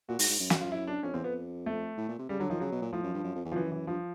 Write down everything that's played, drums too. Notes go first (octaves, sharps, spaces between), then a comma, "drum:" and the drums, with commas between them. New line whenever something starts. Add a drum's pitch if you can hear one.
A#2 F#4
G#2, drum: open hi-hat
G#2
F#2
F#4, drum: snare
F4
E4
D4
F2 C#4
E2 C4
F2 B3
A3
A2
A#2
C3
C#3 G3
D3 F#3
D#3 F3
C#3 F#3
B2
A#2
A2 F3
F#2
G2
F#2
F2
E2
F3
F#2 E3
E3
G2 F3